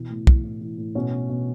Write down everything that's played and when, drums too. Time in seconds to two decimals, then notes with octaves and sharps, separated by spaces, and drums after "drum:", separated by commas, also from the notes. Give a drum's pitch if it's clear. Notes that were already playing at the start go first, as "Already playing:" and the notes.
Already playing: B2 E3
0.10 A2
0.27 E3, drum: kick
0.44 A2
0.61 E3
0.78 A2
0.95 B2 C#4
1.12 B2
1.29 B2